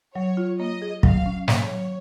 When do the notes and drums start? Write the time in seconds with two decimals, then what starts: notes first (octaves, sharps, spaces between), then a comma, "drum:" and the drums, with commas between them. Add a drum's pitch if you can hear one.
0.15 F#3 C#5
0.37 F4
0.59 A#3 D#5
0.82 G#4
1.03 F#3 F5, drum: kick
1.26 C#4
1.48 A#3 C#5, drum: snare
1.70 F#3